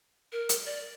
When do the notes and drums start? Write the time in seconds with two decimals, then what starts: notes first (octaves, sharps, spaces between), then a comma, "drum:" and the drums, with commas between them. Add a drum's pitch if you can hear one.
0.32 A#4
0.49 drum: hi-hat
0.66 D5